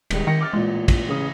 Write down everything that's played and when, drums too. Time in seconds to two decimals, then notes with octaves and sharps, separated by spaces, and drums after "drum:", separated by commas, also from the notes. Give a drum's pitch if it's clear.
0.10 D#1 D#3 G3 G#3, drum: cymbal
0.27 D#3 G6 A#6 C#7
0.41 D6 F6 A6
0.53 A1 A#2 G#3
0.88 drum: kick, cymbal
1.08 A1 C#3 D#6